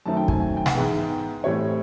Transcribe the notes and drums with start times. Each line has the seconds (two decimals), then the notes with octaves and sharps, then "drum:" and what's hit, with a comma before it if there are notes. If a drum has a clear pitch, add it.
0.06 F#2 D#3 F#3 A3 C4 A5
0.17 G5
0.28 G#5, drum: kick
0.40 G#5
0.57 G5
0.66 F#5, drum: snare
0.75 G#2 E3 G#3 B3 G5
1.44 A2 E3 G3 C4 C#5